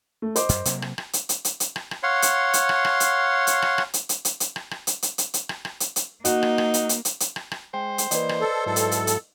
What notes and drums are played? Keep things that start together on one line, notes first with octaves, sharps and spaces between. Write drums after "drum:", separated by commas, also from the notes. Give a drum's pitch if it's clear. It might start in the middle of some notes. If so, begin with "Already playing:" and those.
A3
C5 D#5 D6, drum: hi-hat
F#2, drum: hi-hat
C3 F#3 A#3, drum: hi-hat
drum: rim click
drum: rim click
drum: hi-hat
drum: hi-hat
drum: hi-hat
drum: hi-hat
drum: rim click
drum: rim click
C#5 F5 F#5 C6
drum: hi-hat
drum: hi-hat
drum: rim click
drum: rim click
drum: hi-hat
drum: hi-hat
drum: rim click
drum: rim click
drum: hi-hat
drum: hi-hat
drum: hi-hat
drum: hi-hat
drum: rim click
drum: rim click
drum: hi-hat
drum: hi-hat
drum: hi-hat
drum: hi-hat
drum: rim click
drum: rim click
drum: hi-hat
drum: hi-hat
A#3 D#4 F#4, drum: hi-hat
drum: rim click
drum: rim click
drum: hi-hat
drum: hi-hat
drum: hi-hat
drum: hi-hat
drum: rim click
drum: rim click
G#3 C5 G5
drum: hi-hat
E3 A#3 B4 D5 D#5, drum: hi-hat
drum: rim click
A4
G#2 F#3 E4 A4
drum: hi-hat
drum: hi-hat
drum: hi-hat